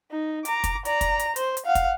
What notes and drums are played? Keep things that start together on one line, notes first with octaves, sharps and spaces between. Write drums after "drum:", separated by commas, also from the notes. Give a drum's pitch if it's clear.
D#4
A#5 D6, drum: hi-hat
drum: kick, hi-hat
D5 A#5, drum: hi-hat
drum: kick, hi-hat
drum: hi-hat
C5, drum: hi-hat
drum: hi-hat
F5 F#5
drum: kick, hi-hat